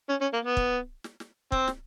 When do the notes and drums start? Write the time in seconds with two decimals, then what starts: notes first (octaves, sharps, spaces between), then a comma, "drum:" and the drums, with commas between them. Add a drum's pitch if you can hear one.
0.09 C#4
0.21 C#4
0.33 A#3
0.45 B3
0.57 drum: kick
1.04 drum: snare
1.20 drum: snare
1.52 C4, drum: kick
1.68 drum: snare